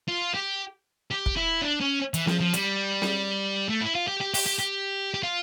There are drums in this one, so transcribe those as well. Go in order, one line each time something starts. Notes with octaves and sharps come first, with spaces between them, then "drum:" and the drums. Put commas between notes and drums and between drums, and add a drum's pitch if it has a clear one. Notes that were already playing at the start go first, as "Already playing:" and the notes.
F4
G4
G4
drum: kick
E4
D4
C#4
E3, drum: hi-hat
F3, drum: snare
F3
G3, drum: hi-hat
drum: snare
A3
E4
F4
G4
G4
G4, drum: open hi-hat
G4
G4
G4
F4